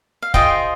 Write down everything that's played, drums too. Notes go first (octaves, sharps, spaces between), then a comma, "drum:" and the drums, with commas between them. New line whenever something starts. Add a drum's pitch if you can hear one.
F5
F4 G#4 C5 D#5 G5, drum: kick